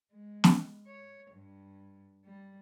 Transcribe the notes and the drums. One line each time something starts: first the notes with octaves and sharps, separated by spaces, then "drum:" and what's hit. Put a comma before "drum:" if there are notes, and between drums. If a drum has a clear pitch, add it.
G#3
drum: snare
C#5
G2
G3